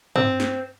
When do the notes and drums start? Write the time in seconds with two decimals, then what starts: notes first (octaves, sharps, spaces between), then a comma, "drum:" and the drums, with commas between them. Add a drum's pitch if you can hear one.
0.16 C4, drum: tom
0.40 drum: snare